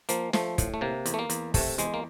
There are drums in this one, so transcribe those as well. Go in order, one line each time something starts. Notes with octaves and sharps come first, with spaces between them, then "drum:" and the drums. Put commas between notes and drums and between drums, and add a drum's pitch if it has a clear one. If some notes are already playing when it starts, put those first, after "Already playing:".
F3 A#3, drum: hi-hat
F3 A3, drum: snare
A2, drum: kick, hi-hat
A3
C3 A#3
E2, drum: hi-hat
A3
A#3
E2, drum: hi-hat
C3 A3, drum: kick, open hi-hat
E2 G#3, drum: hi-hat
A#3